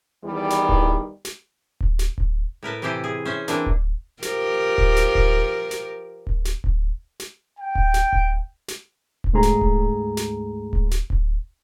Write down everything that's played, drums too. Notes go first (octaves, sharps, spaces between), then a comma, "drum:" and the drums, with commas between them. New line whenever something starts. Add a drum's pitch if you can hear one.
E2 D#3 E3 G3
drum: snare
drum: kick D1
drum: snare
drum: kick D1
drum: snare
drum: kick D1
A2 A#4 B4 A5
C3 E3 E4 G4 A4 C5
G#4
C#4 C5 E5
E3 A#3 C4 D4, drum: snare
drum: kick D1
F3 G4 A#4, drum: snare
drum: kick D1
drum: snare
drum: kick D1
drum: snare
drum: kick D1
drum: snare
drum: kick D1
drum: snare
G5
drum: kick D1
drum: snare
drum: kick D1
drum: snare
drum: kick D1
D2 G#2 G#3 A3 G#4 A#5
drum: snare
drum: kick D1
drum: snare
drum: kick D1
drum: snare
drum: kick D1